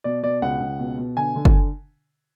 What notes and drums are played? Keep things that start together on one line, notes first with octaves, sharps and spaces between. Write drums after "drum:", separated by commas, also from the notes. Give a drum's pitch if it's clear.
B2 D5
B2 D5
C#2 F#5
C#2
B2
B2
D3 G#5
D3
drum: kick F#1